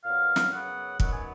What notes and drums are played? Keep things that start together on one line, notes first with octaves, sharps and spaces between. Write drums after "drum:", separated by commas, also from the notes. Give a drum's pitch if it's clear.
A#2 F#3 B3 F5
drum: snare
F#2 C#3 F#3 B3 F#5
F#2 D#3 F#3 B3 F#5, drum: kick
G#5